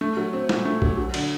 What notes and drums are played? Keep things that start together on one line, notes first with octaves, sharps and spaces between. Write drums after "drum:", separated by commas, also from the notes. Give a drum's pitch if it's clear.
A3
F#3
C4
A#2, drum: snare
A3
F#3, drum: kick A#1
F#3
D3, drum: cymbal